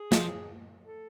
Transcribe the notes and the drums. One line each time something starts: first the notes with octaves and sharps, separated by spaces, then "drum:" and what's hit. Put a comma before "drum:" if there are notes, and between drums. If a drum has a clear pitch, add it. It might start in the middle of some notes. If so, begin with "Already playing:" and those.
Already playing: G#4
F3, drum: snare
A4